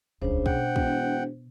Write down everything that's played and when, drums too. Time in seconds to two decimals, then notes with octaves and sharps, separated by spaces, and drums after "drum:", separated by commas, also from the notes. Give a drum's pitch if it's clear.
0.22 D#1 C#2 C#3 D4 C5
0.46 B2 F#5 G5, drum: kick
0.76 E1, drum: kick